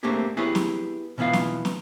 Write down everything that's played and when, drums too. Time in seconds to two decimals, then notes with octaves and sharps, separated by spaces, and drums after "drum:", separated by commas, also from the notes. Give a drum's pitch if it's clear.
0.03 A3 A#3 C4 D4 G4 G#4
0.37 B3 E4 G4 G#4 B4 C#5
0.55 drum: snare
1.18 B2 E3 B3 F4 F5
1.33 drum: snare
1.65 drum: snare